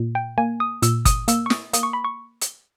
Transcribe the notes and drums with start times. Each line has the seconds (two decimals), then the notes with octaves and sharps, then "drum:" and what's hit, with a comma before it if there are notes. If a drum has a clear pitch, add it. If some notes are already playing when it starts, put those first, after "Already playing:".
Already playing: A#2
0.15 G5
0.38 A#3 G#5
0.60 D#6
0.82 A#2 E6, drum: hi-hat
1.05 D#6, drum: kick G1, hi-hat
1.28 A#3 E6, drum: hi-hat
1.46 C#6
1.50 D#6, drum: snare
1.73 A#3 D#6, drum: hi-hat
1.83 C#6
1.93 B5
2.05 C#6
2.41 drum: hi-hat